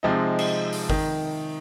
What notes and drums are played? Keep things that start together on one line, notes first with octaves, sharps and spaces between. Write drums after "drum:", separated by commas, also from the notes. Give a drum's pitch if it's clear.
C3 F3 G#3 C4 D#4
drum: cymbal
drum: open hi-hat
D#3, drum: kick